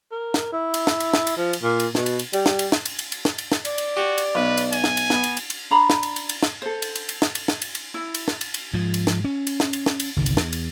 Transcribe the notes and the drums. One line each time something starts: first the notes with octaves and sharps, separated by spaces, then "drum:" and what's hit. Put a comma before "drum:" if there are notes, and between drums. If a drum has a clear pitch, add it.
A#4
drum: snare
E4
drum: cymbal
drum: snare
drum: cymbal
drum: snare
drum: cymbal
F3
drum: cymbal
A#2
drum: cymbal
B2, drum: snare
drum: cymbal
drum: cymbal
G3, drum: cymbal
drum: snare
drum: cymbal
drum: snare
drum: cymbal
drum: cymbal
drum: cymbal
drum: snare
drum: cymbal
drum: snare
D5, drum: cymbal
drum: cymbal
F#4 G4
drum: cymbal
B1 B4
drum: cymbal
G#5, drum: cymbal
drum: snare
drum: cymbal
B3, drum: snare
drum: cymbal
drum: cymbal
drum: cymbal
D4 A#5 B5
drum: snare
drum: cymbal
drum: cymbal
drum: cymbal
drum: snare
A4 C5
drum: cymbal
drum: cymbal
drum: cymbal
drum: snare
drum: cymbal
drum: snare
drum: cymbal
drum: cymbal
E4
drum: cymbal
drum: snare
drum: cymbal
drum: cymbal
G#2 F3
drum: cymbal
drum: snare
C#4
drum: cymbal
drum: snare
drum: cymbal
drum: snare
drum: cymbal
G1 C2 D#3
drum: cymbal
E2, drum: snare
drum: cymbal